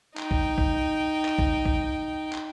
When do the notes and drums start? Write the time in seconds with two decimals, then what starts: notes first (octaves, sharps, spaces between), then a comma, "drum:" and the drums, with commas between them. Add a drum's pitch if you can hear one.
0.17 D#4 G5, drum: clap
0.31 drum: kick
0.58 drum: kick
1.25 drum: clap
1.39 drum: kick
1.65 drum: kick
2.33 drum: clap